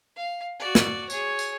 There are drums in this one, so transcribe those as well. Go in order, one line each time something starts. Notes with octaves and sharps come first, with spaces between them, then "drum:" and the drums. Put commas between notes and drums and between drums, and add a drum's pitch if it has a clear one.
F5
F#4 D5
drum: snare
G#4 C#5, drum: tambourine
drum: tambourine